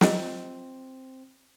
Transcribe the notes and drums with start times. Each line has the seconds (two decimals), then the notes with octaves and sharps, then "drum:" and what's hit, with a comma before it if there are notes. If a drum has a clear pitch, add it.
0.01 C4 F4 D#5, drum: snare